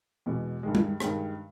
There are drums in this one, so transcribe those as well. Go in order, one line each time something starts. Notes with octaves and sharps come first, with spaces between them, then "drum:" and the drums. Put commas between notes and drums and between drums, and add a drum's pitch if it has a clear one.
E2 B2 G#3 B3
G2 D#3 G#3
drum: tom G3
G2 D#3 G#3, drum: rim click